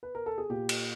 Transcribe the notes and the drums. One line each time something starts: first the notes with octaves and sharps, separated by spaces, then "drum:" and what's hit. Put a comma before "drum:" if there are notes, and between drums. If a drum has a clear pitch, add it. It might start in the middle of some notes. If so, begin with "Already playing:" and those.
B4
A#4
A4
G#4
A#2 G4
drum: cymbal